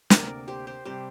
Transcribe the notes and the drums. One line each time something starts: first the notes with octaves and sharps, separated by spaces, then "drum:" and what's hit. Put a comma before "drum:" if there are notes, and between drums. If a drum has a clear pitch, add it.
D2 C3 A#3 A#4 D5, drum: snare
G4 C5
G4 C5
C3 G3 G4 C5